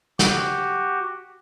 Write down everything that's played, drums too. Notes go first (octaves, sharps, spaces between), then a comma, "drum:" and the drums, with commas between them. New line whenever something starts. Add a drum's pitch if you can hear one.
F#4 G4, drum: snare